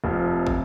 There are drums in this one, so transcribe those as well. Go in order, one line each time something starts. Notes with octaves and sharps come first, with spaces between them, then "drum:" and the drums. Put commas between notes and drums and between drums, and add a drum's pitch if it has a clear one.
F1 F2 F3
drum: kick